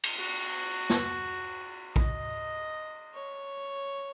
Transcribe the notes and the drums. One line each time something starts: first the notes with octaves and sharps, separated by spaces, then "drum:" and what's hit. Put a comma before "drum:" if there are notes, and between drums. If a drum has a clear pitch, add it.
drum: cymbal
F#4
drum: snare
D#5, drum: kick A#1
C#5